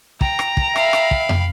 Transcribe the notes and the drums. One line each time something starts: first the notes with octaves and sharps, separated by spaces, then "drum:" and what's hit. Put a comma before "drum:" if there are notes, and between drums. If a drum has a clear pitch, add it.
G5 A#5, drum: kick
drum: rim click
drum: kick
E5 F5 B5, drum: rim click
drum: rim click
drum: kick
drum: tom